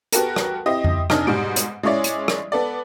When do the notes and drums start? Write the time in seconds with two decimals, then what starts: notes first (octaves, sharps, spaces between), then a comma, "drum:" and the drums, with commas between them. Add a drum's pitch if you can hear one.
0.12 B3 F#4 G4 A4 A#4, drum: hi-hat
0.36 drum: rim click
0.66 C4 E4 G4 D#5
0.84 drum: tom F2
1.10 C3 D4 D#4 G#5 F6, drum: rim click
1.27 G#2 B2 G3 D7
1.56 drum: hi-hat
1.83 G#3 C#4 E4 C#5 D5
2.04 drum: hi-hat
2.28 drum: rim click
2.52 B3 A4 D5